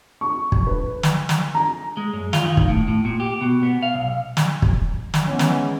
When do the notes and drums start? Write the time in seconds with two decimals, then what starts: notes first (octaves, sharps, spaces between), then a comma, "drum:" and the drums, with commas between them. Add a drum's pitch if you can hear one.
0.21 C#6
0.52 drum: kick
0.67 B4
1.03 drum: snare
1.29 drum: snare
1.55 A#5
1.97 G#3
2.13 F#2
2.33 F4, drum: snare
2.45 D#3
2.57 drum: kick
2.68 A2
2.88 A2
3.05 A#2
3.20 G4
3.41 B2
3.63 B3
3.83 F5
3.94 B1
4.37 drum: snare
4.62 drum: kick
5.14 drum: snare
5.26 E3 G#3 B3 C#4
5.39 drum: snare